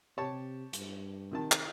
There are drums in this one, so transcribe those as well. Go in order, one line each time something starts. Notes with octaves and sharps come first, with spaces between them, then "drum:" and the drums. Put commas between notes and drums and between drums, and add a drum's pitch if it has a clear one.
C3 G4 C#5 A5
G2, drum: hi-hat
C3 D#3 A5
drum: clap